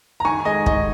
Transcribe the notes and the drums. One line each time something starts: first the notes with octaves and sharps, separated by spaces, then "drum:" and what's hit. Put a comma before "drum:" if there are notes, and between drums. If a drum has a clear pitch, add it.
A#5
D#3 G#5 C#6
G#3 D#5 G#5
D#4 D#5, drum: kick